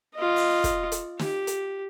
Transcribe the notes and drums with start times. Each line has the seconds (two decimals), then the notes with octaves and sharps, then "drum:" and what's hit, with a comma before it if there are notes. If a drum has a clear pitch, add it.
0.15 F4 D#5
0.36 drum: open hi-hat
0.64 drum: kick, hi-hat
0.92 drum: hi-hat
1.19 G4, drum: snare
1.47 drum: hi-hat